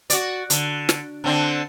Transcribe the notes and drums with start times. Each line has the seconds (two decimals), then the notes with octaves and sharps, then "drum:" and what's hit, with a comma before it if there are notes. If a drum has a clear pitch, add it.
0.10 F#4 D5, drum: hi-hat
0.50 D3, drum: hi-hat
0.89 drum: snare
1.24 D3 C4 D4